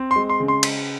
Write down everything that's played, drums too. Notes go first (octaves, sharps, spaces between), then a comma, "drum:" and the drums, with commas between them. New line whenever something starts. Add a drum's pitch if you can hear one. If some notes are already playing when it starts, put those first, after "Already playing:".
Already playing: C4
C6
G#3
C6
C#3
C6
drum: cymbal